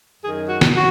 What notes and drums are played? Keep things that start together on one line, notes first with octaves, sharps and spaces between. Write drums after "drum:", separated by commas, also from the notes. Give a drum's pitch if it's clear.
F#2 D#3 G#4
F#4
drum: snare
F#4